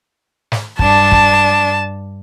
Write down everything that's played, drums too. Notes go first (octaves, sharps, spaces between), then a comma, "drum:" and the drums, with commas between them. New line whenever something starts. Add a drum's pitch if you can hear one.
drum: snare
G2 D4 A5, drum: kick
drum: kick